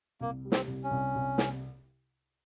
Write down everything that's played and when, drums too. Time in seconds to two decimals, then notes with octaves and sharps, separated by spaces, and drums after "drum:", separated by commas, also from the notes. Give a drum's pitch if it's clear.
0.21 C2 A#3
0.45 G3
0.52 C4, drum: snare
0.67 C2
0.84 C#4
0.91 C2
1.15 C2
1.38 C3, drum: snare